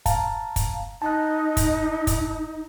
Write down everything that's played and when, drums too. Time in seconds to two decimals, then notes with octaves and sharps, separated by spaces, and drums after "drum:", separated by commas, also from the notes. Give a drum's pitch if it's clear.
0.06 F5 A5 A#5, drum: kick, hi-hat
0.56 drum: kick, hi-hat
1.02 D#4 A5 F#6
1.57 drum: kick, hi-hat
2.07 drum: kick, hi-hat